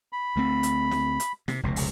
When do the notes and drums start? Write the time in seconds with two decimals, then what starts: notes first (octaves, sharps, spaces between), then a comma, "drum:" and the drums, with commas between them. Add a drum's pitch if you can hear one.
0.13 B5
0.36 D2 A3 C4
0.63 drum: hi-hat
0.91 drum: snare
1.20 drum: hi-hat
1.48 C3, drum: snare
1.63 F1 C#2 B2
1.76 drum: open hi-hat